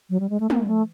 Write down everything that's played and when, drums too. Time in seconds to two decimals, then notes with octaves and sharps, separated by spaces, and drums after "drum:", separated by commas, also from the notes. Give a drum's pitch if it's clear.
0.10 F#3
0.20 G3
0.30 G#3
0.40 A3
0.50 A#3, drum: tom
0.67 A3